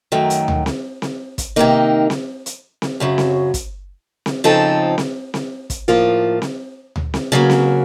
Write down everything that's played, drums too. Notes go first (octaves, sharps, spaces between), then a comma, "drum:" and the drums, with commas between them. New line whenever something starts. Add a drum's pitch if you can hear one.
F#2 D#3 F#3 A3
drum: hi-hat
drum: tom D2
drum: snare C4
drum: snare C4
drum: kick, hi-hat
C3 D#3 A#3 D#4
drum: snare C4
drum: hi-hat
drum: snare C4
F#2 C#3 F#3
drum: snare C4
drum: kick, hi-hat
drum: snare C4
C#3 F3 C4 D#4 A4
drum: snare C4
drum: snare C4
drum: kick, hi-hat
A2 F3 A#3 F4
drum: snare C4
drum: tom D2
drum: snare C4
C#3 F#3 A#3
drum: snare C4